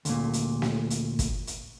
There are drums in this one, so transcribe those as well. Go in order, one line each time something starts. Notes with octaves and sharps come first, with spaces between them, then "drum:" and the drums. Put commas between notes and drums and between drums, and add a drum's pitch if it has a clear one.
D2 A#2, drum: hi-hat
drum: hi-hat
drum: snare
drum: hi-hat
drum: kick, hi-hat
drum: hi-hat